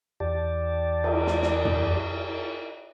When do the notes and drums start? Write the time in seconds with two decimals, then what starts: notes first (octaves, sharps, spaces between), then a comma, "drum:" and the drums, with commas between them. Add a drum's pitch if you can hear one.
0.20 E2 G4 D5 A5
1.04 drum: cymbal
1.27 drum: snare
1.42 drum: snare
1.65 drum: tom